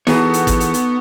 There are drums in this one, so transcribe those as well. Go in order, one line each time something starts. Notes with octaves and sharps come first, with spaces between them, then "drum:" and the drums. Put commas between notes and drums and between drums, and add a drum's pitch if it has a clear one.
E3 B3 D#4 F#4 G#4 A4 C#5, drum: snare
drum: hi-hat
drum: kick, hi-hat
drum: hi-hat
drum: hi-hat